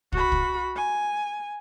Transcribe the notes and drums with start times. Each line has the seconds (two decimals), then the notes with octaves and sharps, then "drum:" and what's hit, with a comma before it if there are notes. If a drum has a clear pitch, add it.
0.12 F#4 B5, drum: kick
0.32 drum: kick
0.76 G#5